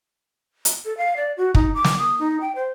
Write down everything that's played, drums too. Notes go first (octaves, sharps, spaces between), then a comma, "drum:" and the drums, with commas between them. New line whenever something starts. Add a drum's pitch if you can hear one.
drum: hi-hat
A4
F5
D5
F#4
D#4, drum: kick
D6
drum: snare
D#6
D#4
G5
C5